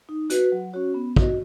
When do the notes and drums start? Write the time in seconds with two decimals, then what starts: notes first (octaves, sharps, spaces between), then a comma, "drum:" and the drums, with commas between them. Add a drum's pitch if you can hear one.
0.09 D#4
0.30 F#4 B4, drum: hi-hat
0.52 F#3
0.73 C#4 F#4 C#5
0.94 B3
1.16 F#4 D#5, drum: kick